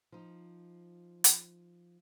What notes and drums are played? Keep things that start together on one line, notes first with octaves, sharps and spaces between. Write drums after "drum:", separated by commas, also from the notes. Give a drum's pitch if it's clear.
F3 D#4
drum: hi-hat